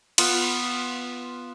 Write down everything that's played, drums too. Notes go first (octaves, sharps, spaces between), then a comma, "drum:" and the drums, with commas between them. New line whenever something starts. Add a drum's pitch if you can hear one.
B3 F4, drum: cymbal